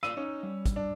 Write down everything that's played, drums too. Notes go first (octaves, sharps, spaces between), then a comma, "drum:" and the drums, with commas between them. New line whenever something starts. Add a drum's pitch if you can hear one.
F4 D5 F5 E6 D#7, drum: rim click
C#4 D#4
G3
drum: kick, hi-hat
D4